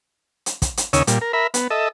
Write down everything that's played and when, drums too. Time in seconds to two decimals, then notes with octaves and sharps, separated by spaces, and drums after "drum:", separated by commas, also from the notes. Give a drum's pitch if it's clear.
0.46 drum: hi-hat
0.62 drum: kick, hi-hat
0.77 drum: hi-hat
0.93 D#2 C#3 C#5 D#6 E6, drum: hi-hat
1.07 A#2 G3, drum: hi-hat
1.21 A#4
1.33 A#4 E5 B5
1.54 B3, drum: hi-hat
1.71 A4 D#5 E5